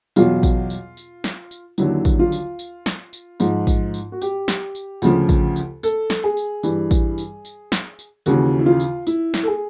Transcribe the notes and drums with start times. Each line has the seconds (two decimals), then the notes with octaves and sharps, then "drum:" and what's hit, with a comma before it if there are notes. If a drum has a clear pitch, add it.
0.16 E2 B2 F#3 F4, drum: tambourine
0.43 drum: kick A1, tambourine
0.70 drum: tambourine
0.97 drum: tambourine
1.24 drum: snare
1.51 drum: tambourine
1.78 D#2 D3 F#3 E4, drum: tambourine
2.05 drum: kick A1, tambourine
2.19 F4
2.32 drum: tambourine
2.59 drum: tambourine
2.86 drum: snare
3.13 drum: tambourine
3.40 G#2 F3, drum: tambourine
3.67 drum: kick A1, tambourine
3.94 drum: tambourine
4.12 F#4
4.22 G4, drum: tambourine
4.48 drum: snare
4.75 drum: tambourine
5.02 D2 C#3 F3, drum: tambourine
5.29 drum: kick A1, tambourine
5.56 drum: tambourine
5.83 A4, drum: tambourine
6.10 drum: snare
6.24 G#4
6.37 drum: tambourine
6.63 G2 E3, drum: tambourine
6.91 drum: kick A1, tambourine
7.18 drum: tambourine
7.45 drum: tambourine
7.72 drum: snare
7.99 drum: tambourine
8.26 D#2 C#3 E3 F#4, drum: tambourine
8.59 E4
8.66 F4
8.80 drum: tambourine
9.07 E4, drum: tambourine
9.34 drum: snare
9.43 A4
9.48 G#4